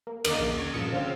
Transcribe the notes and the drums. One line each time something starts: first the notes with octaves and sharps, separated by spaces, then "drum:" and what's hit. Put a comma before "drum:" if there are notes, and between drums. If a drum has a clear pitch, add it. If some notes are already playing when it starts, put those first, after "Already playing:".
A#3
D#2 D3 A#3 A#4 D#5 A#5 D6 A6, drum: cymbal
A#1
C#6 G#6
G2 A#2 F3 D#6 C#7 E7
D3 C4 C5 C#5 F5